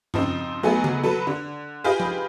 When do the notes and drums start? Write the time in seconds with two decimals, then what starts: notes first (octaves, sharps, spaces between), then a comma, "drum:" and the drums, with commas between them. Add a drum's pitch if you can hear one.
0.14 C#3 F3 C4 D#4, drum: tom F#2
0.63 F#3 A3 B3 D#4 G#4
0.84 drum: tom C#3
1.03 F#3 A4 B4
1.27 D3
1.84 F4 G4 G#4 B4 D#5 F5
2.00 drum: tom F3